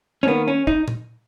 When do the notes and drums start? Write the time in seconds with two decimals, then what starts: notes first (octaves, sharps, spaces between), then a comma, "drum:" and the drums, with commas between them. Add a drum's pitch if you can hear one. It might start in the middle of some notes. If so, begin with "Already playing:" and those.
0.23 C#4
0.27 D#3 A#3 B3
0.48 C#4
0.67 D#4, drum: kick
0.88 drum: tom